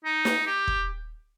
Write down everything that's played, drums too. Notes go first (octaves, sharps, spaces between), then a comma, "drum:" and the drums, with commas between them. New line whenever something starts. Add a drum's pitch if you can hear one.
D#4
drum: snare
G4
drum: kick